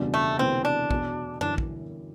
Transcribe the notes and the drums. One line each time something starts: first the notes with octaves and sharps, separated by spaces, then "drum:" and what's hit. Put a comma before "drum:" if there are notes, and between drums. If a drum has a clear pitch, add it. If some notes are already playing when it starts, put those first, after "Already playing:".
Already playing: F#1 E2 B2 G3 D4
A3
E1 D2 C3 E3 B3 C4
D4
E2 B2 F#3, drum: kick
G1 F#2 E3 D4, drum: tom F#2
drum: kick